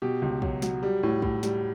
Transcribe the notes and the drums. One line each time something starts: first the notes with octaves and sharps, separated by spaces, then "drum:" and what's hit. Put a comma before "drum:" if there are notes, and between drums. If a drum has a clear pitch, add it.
B2 G4
C#2
F#3, drum: kick
F#3, drum: snare
G3
A2
A2, drum: kick
G3, drum: snare